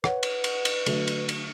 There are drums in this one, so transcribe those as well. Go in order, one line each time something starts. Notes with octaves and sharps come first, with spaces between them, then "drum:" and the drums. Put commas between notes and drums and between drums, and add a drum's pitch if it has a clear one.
B4 C#5 F#5, drum: rim click
drum: cymbal
drum: cymbal
drum: cymbal
D3 F#3 A3, drum: cymbal
drum: cymbal
drum: cymbal